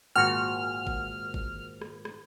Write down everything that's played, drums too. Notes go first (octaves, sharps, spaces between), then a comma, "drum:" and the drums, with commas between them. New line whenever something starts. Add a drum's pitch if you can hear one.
G#1 A#2 F#4 F6
drum: kick G1
drum: kick G1
drum: rim click
drum: rim click